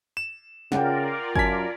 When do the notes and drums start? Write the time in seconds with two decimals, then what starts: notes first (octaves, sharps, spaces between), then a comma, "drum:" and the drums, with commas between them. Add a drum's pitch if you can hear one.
0.17 E7
0.72 C#3 F4 A#4 D5 F#5 G5, drum: snare
1.36 F#2 G#5 A5 G#6 B6, drum: kick G1